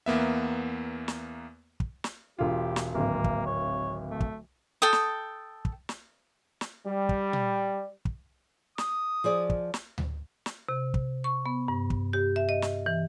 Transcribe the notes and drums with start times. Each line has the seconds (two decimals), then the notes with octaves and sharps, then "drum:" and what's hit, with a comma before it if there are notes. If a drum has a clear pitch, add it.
0.06 E2 A#3 B3 E5
1.08 drum: snare
1.80 drum: kick
2.04 drum: snare
2.39 E1 F4 G4
2.76 drum: snare
2.95 D1 G#1 A#3
3.24 drum: kick
3.46 C#5
4.10 A3
4.20 drum: kick
4.82 A4 G5 D#6
4.93 drum: snare
5.65 drum: kick
5.89 drum: snare
6.61 drum: snare
6.86 G3
7.09 drum: kick
7.33 drum: tom A#2
8.05 drum: kick
8.78 D#6, drum: snare
9.24 F3 G#4 D5
9.50 drum: kick
9.74 drum: snare
9.98 drum: tom D2
10.46 drum: snare
10.69 C3
10.94 drum: kick
11.24 C#6
11.46 B3
11.68 G2
11.90 drum: kick
12.13 G4
12.36 E5
12.49 D#5
12.62 drum: snare
12.86 E3